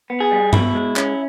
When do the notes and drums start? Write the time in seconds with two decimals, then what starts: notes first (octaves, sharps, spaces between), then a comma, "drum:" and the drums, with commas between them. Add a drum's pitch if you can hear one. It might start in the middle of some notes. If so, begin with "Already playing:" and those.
0.10 B3
0.20 G#4
0.32 G3
0.53 B2 E4, drum: tom G2
0.75 G#3
0.96 C#4, drum: clap